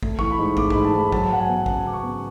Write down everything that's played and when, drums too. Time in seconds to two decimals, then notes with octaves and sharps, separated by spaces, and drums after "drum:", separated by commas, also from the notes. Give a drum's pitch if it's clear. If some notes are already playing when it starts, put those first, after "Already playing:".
0.03 A3, drum: kick
0.19 E3 C#6, drum: kick
0.31 B5
0.39 G#2
0.57 A3 D6, drum: kick
0.70 B5, drum: kick
0.76 G#2
0.85 A5
0.94 G#2 B5
1.12 F#3 A5, drum: kick
1.31 F#3 F#5
1.40 G#5
1.48 B3
1.66 C#3 A5, drum: kick
1.85 C#3 D6
1.93 C#6
2.03 B3